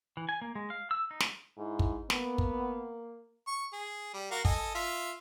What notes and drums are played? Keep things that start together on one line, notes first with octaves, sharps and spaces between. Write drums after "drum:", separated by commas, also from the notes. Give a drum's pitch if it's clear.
E3
G#5
A#3
G#3
F5
E6
D#4
drum: snare
G#2 E4
drum: kick
A#3 B3, drum: snare
drum: kick
C#6
G#4
G3
F#4 A#4 F5
A4 D#5 G#5, drum: kick
F4 E5